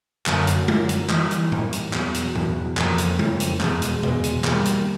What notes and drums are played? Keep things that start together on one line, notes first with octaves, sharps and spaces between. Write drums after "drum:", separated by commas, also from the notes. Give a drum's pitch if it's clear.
F#2 D3 F#3 A#3, drum: clap
drum: hi-hat
F#2 D3 F#3 A#3, drum: tom G#3
drum: hi-hat
E3 G3 A#3 D#4, drum: clap
drum: hi-hat
E3 G3 A#3 D#4, drum: tom A2
drum: hi-hat
E2 B2 F#3, drum: clap
drum: hi-hat
E2 B2 F#3, drum: tom A2
F2 C#3 F3 A#3, drum: clap
drum: hi-hat
F2 C#3 F3 A#3, drum: tom G#3
drum: hi-hat
E2 B2 G#3, drum: clap
drum: hi-hat
E2 B2 G#3, drum: tom C3
drum: hi-hat
D#3 G3 A#3, drum: clap
drum: hi-hat